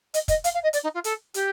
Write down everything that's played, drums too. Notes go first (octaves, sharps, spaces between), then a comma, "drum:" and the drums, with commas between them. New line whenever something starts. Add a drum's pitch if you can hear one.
D#5, drum: hi-hat
D#5, drum: kick, hi-hat
F5, drum: hi-hat
F5
D#5
D5, drum: hi-hat
D#4
F4
A4, drum: hi-hat
G4, drum: hi-hat